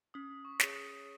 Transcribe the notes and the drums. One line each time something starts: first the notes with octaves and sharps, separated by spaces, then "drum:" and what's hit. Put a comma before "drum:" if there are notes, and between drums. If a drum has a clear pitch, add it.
C#4 D#6
C#6
G#4 C#5, drum: snare
D#6